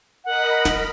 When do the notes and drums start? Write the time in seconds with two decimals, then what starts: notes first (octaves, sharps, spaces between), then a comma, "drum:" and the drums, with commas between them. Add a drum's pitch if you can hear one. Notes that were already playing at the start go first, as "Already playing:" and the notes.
0.25 A#4 D#5 F#5 B5
0.65 drum: snare